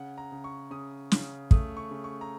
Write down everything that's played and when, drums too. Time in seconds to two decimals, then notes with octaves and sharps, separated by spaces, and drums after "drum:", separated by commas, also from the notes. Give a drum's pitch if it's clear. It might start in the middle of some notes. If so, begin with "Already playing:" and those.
Already playing: C#3 F#5
0.18 A#5
0.32 C#3
0.44 C#6
0.71 C#3 D#6
1.12 C#3, drum: snare
1.51 A3 D#6, drum: kick
1.77 C#6
1.91 C#3
2.04 C#6
2.21 A#5